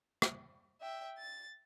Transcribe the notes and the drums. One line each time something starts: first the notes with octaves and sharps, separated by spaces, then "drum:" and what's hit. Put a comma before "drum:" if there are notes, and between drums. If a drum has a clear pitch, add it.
drum: rim click
E5 G5
A6